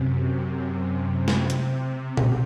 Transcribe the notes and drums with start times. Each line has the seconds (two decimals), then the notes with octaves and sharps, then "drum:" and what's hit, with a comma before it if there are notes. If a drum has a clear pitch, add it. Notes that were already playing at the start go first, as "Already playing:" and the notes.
Already playing: F#2 C3
0.12 F#2
1.28 C3, drum: snare
1.50 drum: hi-hat
2.17 drum: tom A#2